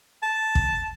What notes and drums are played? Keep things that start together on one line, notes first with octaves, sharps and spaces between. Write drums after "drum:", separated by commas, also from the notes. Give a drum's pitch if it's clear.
A5
drum: kick